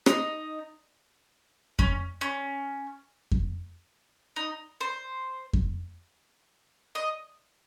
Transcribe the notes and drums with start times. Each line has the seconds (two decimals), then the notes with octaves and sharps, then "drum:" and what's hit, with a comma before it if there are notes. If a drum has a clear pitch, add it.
0.06 D#4, drum: rim click
1.79 C#4, drum: kick F2
2.21 C#4
3.31 drum: kick F2
4.36 D#4
4.81 C5
5.53 drum: kick F2
6.95 D#5